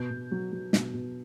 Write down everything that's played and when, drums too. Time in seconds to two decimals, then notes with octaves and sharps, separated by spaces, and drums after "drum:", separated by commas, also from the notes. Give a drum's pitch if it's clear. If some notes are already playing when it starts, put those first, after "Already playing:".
Already playing: B2 G6
0.10 B2
0.31 F#3
0.52 F#3
0.73 B2, drum: snare
0.94 B2